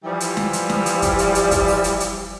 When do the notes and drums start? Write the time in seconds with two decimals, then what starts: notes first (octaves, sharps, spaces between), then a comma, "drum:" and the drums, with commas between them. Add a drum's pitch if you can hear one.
0.04 E3 F3 G3
0.20 drum: hi-hat
0.37 drum: snare
0.53 drum: hi-hat
0.69 drum: snare
0.86 drum: hi-hat
1.02 drum: kick, hi-hat
1.18 drum: hi-hat
1.35 drum: hi-hat
1.51 drum: kick, hi-hat
1.68 drum: open hi-hat
1.84 drum: hi-hat
2.00 drum: hi-hat